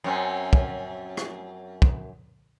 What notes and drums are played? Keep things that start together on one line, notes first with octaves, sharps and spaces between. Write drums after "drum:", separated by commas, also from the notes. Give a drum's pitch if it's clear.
F#2 C4 C#4
drum: kick
drum: rim click
drum: kick